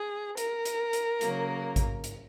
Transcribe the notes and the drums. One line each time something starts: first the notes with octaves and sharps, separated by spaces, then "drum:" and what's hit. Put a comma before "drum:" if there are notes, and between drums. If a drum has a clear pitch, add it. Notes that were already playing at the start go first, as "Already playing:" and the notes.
Already playing: G#4
A#4, drum: hi-hat
drum: hi-hat
drum: hi-hat
C#3 F#3 A#3, drum: hi-hat
drum: kick A1, hi-hat
drum: hi-hat